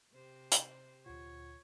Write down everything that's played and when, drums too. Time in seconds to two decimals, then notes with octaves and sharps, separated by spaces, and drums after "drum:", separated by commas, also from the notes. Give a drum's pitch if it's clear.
0.12 C3 G4 C5
0.52 drum: hi-hat
1.06 D2 A#2 F4 C#5 F#5